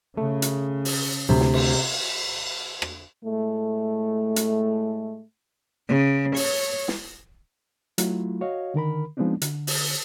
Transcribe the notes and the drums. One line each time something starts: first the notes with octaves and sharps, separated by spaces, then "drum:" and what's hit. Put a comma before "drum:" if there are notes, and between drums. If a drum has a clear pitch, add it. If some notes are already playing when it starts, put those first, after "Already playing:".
C#3 A3
drum: hi-hat
drum: open hi-hat
D2 C3
drum: snare
drum: cymbal
drum: rim click
A2 G#3 A3
drum: hi-hat
C#3
C#5, drum: open hi-hat
drum: snare
F#3 A3 E4 F4, drum: hi-hat
F#4 C#5 D#5 F5
D3 D#3 A#4 B5
F3 G#3 B3 C4 D4 D#4
D3, drum: hi-hat
drum: open hi-hat